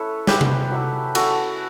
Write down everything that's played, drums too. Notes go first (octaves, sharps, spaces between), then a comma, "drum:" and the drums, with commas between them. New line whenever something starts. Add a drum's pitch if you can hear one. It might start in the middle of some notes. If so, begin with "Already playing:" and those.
Already playing: A3 C#4 E4 A4 B4 C#5
F#3 C#4 E4 G4 B4, drum: snare
drum: tom C3
F#3 A3 E4
A3 C#4 E4 F#4 A4, drum: cymbal